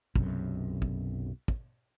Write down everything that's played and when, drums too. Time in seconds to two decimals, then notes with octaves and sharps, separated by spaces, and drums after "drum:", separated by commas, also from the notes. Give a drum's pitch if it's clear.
0.16 B1 F#2 C3, drum: kick
0.82 drum: kick
1.48 drum: kick